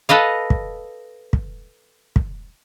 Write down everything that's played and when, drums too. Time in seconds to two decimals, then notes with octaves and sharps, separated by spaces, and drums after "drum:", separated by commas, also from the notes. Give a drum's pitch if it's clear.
0.09 A4 B4 D#5 F5
0.50 drum: kick
1.33 drum: kick
2.16 drum: kick